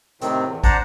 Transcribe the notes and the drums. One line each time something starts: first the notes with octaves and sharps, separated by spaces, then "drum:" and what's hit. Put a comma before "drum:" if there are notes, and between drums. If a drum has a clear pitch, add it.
A2 C3 D#3 C4, drum: hi-hat
E2
D4 C5 D5 F#5 A5 A#5, drum: kick, hi-hat